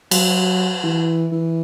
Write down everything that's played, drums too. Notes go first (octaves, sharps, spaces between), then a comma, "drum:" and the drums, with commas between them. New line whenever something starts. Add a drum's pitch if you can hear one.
F#3, drum: cymbal
E3
E3